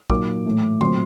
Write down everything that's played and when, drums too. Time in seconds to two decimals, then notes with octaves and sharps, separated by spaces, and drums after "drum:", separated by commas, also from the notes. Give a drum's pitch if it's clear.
0.10 A#2 F#3 A#3 D#4 D6, drum: kick
0.46 A2 E3 A3
0.81 A#2 F#3 A3 C4 C6, drum: tom D3